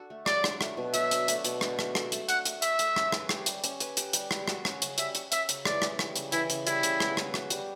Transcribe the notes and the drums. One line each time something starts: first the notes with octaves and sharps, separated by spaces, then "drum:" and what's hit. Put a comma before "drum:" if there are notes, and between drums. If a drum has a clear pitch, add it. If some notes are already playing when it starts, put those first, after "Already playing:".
Already playing: D4 F#4 A4
A3
F#3 D5, drum: rim click
D4, drum: rim click
A3, drum: rim click
B2
F#3 E5, drum: hi-hat
D4, drum: hi-hat
A3, drum: hi-hat
B2, drum: hi-hat
D4, drum: rim click
A3, drum: rim click
A4, drum: rim click
A3, drum: hi-hat
D4 F#5, drum: hi-hat
A3, drum: hi-hat
A4 E5, drum: hi-hat
A3, drum: hi-hat
C#4, drum: rim click
B4, drum: rim click
G4, drum: rim click
G3, drum: hi-hat
C#4, drum: hi-hat
B4, drum: hi-hat
G4, drum: hi-hat
G3, drum: hi-hat
G3, drum: rim click
F#4, drum: rim click
C#4, drum: rim click
C#3, drum: hi-hat
G3 E5, drum: hi-hat
F#4, drum: hi-hat
C#4 E5, drum: hi-hat
C#3, drum: hi-hat
E3 D5, drum: rim click
C#3, drum: rim click
G3, drum: rim click
C#3, drum: hi-hat
E3 E4, drum: hi-hat
C#3, drum: hi-hat
G3 E4, drum: hi-hat
C#3, drum: hi-hat
B3, drum: rim click
B4, drum: rim click
F#4, drum: rim click
G3, drum: hi-hat